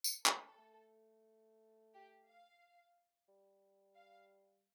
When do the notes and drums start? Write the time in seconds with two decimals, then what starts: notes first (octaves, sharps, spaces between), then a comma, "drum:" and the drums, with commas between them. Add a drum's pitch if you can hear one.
0.04 drum: tambourine
0.26 A4, drum: clap
0.58 A3
1.94 G4
2.27 F5
3.28 G3
3.96 F5